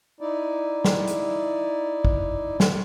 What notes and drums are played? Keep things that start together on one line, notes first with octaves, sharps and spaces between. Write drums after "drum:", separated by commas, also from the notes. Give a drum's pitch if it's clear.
D#4 E4 D5
drum: snare
drum: hi-hat
drum: kick
drum: snare